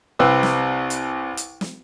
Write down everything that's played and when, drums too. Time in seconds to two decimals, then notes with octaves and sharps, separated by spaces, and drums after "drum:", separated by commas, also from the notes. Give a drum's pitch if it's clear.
0.19 C2 C3 B4 E6
0.43 drum: snare
0.90 drum: hi-hat
1.37 drum: hi-hat
1.61 drum: snare